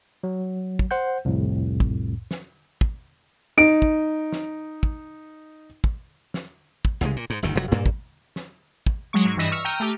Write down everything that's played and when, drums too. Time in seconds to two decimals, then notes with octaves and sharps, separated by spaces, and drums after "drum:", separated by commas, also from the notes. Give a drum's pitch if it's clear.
0.24 F#3
0.79 drum: kick
0.91 C5 F#5 G6
1.25 C2 F2 A2
1.80 drum: kick
2.31 drum: snare
2.81 drum: kick
3.57 D#4 D7
3.82 drum: kick
4.32 drum: snare
4.83 drum: kick
5.84 drum: kick
6.34 drum: snare
6.85 drum: kick
7.01 C2 C#3 E3 G#3
7.16 A#2
7.30 G#2
7.43 G1 D2 D#3
7.55 F1 F#2 A#2 F#3
7.72 G2 A#2 A#3
7.86 drum: kick
8.36 drum: snare
8.87 drum: kick
9.13 F#3 G#3 C#6
9.25 G#2
9.37 G2 E3 D#5 A#6 B6 E7
9.52 C#6 E6 F6 C#7
9.65 G5 A#5 F6 G6 D#7
9.80 A3 G4